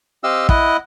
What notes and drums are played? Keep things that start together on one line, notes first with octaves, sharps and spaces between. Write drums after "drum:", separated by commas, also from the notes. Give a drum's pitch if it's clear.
C4 G4 D#5 F5 E6
E4 D#5 F#5, drum: kick